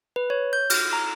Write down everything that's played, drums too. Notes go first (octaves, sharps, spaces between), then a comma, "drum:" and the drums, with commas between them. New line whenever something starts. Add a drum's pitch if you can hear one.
B4
C#5
G6
F6, drum: cymbal
A#5